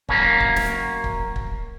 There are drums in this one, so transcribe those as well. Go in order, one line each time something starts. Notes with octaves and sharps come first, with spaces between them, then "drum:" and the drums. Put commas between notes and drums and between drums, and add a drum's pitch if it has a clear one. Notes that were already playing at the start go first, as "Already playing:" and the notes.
F#2 A#3 C#4, drum: kick
drum: kick
drum: snare
drum: kick
drum: kick